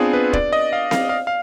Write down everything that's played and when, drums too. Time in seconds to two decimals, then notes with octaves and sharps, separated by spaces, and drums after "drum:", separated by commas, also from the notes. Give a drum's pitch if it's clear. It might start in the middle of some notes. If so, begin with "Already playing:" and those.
Already playing: B3 C4 D4 F4 G#4
0.13 B4
0.33 D5, drum: kick
0.53 D#5
0.73 F5
0.91 F5, drum: snare C4
1.09 F5
1.27 F5